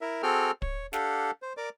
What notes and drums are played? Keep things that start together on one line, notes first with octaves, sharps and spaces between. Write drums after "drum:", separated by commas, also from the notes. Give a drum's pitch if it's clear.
E4 A#4 E5
C4 F#4 G#4 A4 G5 F6
C#5, drum: kick
D4 G4 A4 F5 F#5, drum: snare
C5
A#4 D5 D6